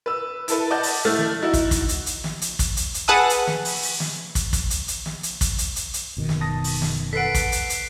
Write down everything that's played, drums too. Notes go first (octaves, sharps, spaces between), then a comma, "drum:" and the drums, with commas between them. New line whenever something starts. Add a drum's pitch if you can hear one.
B4 E6
E4 A4 B4, drum: hi-hat
D5 D#5 F#5 A5 G6
drum: open hi-hat
A3 E4 F6 A6
drum: snare
D#4 E4 F#4
drum: kick, hi-hat
drum: kick, hi-hat
drum: hi-hat
drum: hi-hat
drum: snare
drum: hi-hat
drum: kick, hi-hat
drum: hi-hat
drum: hi-hat
G#4 B4 F#5 A5 D#6 E6
drum: hi-hat
drum: snare
drum: open hi-hat
drum: open hi-hat
drum: snare
drum: kick, hi-hat
drum: kick, hi-hat
drum: hi-hat
drum: hi-hat
drum: snare
drum: hi-hat
drum: kick, hi-hat
drum: hi-hat
drum: hi-hat
drum: hi-hat
F#1 B2 D#3
drum: snare
A5 D#6 A#6
drum: open hi-hat
drum: snare
A4 B4 F#5 B6 C7 D7
drum: kick, hi-hat
drum: hi-hat
drum: hi-hat